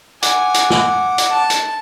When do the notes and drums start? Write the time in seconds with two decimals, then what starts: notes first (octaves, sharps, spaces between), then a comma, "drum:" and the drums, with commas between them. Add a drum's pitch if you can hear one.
0.22 F#5 G#5 D6, drum: hi-hat
0.54 drum: hi-hat
0.70 drum: snare
1.18 drum: hi-hat
1.31 A5
1.50 drum: hi-hat